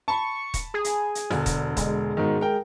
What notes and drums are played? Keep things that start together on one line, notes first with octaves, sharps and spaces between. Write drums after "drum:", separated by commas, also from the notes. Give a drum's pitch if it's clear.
A5 B5 C#6
drum: kick D#1, hi-hat
G#4
drum: hi-hat
drum: hi-hat
E1 D3, drum: snare
drum: kick D#1, hi-hat
G#3, drum: kick D#1, hi-hat
G#2 B2 D#3
A#4 G5